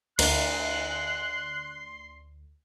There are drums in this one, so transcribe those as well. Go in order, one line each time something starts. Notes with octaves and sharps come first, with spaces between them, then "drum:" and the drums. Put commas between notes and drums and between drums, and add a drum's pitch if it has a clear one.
D2 D4 A#4 C6 F#6, drum: cymbal